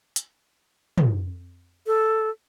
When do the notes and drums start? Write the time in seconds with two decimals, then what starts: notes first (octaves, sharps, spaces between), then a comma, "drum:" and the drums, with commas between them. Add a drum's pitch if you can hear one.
0.16 drum: hi-hat
0.98 drum: tom
1.87 A4